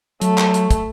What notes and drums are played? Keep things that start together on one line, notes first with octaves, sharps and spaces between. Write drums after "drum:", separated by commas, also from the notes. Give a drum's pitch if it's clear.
F#3 A3, drum: hi-hat
drum: clap
drum: hi-hat
drum: kick, hi-hat